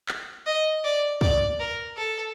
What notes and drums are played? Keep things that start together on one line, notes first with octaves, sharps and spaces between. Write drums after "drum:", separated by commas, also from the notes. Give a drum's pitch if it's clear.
drum: clap
D#5
D5
D5, drum: kick
A#4
A4